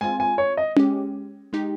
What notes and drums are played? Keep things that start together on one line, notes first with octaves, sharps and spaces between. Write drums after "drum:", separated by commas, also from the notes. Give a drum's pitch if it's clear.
G#3 C4 F4 G#5
G#5
C#5
D#5
G#3 C#4 G4, drum: tom C#4
G#3 D#4 G4